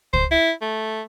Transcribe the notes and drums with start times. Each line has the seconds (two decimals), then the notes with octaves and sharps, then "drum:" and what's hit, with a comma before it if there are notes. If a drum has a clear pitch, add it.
0.13 C5, drum: kick
0.31 E4
0.62 A3